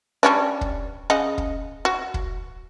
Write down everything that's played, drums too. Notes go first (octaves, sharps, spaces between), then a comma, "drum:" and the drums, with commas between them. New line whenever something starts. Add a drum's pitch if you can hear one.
G3 C#4 D4
drum: kick
C#3 D#5 F#5
drum: kick
F#4
drum: kick